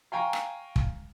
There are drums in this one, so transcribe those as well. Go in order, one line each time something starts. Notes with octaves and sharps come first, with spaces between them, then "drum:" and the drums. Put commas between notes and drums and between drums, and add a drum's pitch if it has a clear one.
F5 G5 G#5 A#5 C#6
drum: rim click
drum: kick